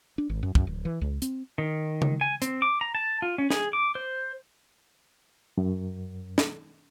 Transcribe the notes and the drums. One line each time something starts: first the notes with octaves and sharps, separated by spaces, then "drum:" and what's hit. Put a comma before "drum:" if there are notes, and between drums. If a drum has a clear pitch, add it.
D4
G#1
F#2
F#2, drum: kick
D1
E3
C#2
C4, drum: hi-hat
D#3
drum: tom C#3
G#5
C4, drum: hi-hat
D6
A#5
A5
F4
C#4
G#4, drum: snare
D6
C5
F#2
drum: snare